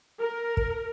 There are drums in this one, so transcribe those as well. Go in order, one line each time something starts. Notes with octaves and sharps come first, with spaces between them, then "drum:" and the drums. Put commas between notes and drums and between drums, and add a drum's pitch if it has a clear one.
A#4
drum: kick